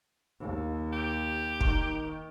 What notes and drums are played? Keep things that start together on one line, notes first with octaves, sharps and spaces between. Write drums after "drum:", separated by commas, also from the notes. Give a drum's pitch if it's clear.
D#2
G4
D#3, drum: kick